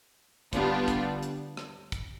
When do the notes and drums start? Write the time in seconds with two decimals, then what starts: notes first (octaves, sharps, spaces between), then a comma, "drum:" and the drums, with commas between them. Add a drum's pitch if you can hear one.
0.53 D3 G3 B3 D4 F4, drum: kick, hi-hat
0.88 drum: kick, hi-hat
1.23 drum: hi-hat
1.57 drum: rim click
1.92 drum: kick, hi-hat